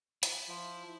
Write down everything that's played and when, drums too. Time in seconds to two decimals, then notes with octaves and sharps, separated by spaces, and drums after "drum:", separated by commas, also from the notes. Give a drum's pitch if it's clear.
0.23 E4, drum: hi-hat
0.48 F3